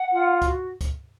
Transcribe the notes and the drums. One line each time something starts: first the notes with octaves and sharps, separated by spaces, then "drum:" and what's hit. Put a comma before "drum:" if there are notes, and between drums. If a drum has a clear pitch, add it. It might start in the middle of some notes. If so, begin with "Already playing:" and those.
Already playing: F#5
F4
F#4, drum: kick, hi-hat
drum: kick, hi-hat